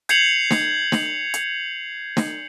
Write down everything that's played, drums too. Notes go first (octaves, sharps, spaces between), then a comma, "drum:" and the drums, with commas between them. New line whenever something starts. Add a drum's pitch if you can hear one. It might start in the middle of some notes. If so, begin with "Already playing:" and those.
G6 G#6 C7 C#7 F7 F#7, drum: hi-hat
drum: snare
drum: snare
drum: hi-hat
drum: snare